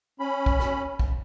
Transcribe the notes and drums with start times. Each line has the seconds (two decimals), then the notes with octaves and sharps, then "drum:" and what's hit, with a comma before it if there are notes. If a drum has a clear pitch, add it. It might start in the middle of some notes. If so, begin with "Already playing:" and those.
0.20 C#4 B5
0.46 drum: kick
0.60 drum: rim click
0.99 drum: kick